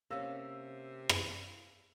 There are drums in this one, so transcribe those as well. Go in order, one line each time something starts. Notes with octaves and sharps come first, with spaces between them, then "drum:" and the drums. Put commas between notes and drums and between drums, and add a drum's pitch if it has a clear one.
C3 A#3 C#4 F5 E6
drum: rim click